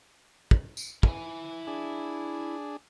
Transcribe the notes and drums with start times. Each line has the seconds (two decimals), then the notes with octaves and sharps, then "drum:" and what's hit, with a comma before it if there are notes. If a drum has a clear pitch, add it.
0.51 drum: kick
0.77 drum: tambourine
1.03 E4 G#5, drum: kick
1.67 D4 G#4